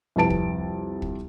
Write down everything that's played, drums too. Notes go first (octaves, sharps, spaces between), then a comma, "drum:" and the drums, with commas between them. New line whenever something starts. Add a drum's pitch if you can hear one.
C2 F2 B4 A5 D7
drum: kick
drum: kick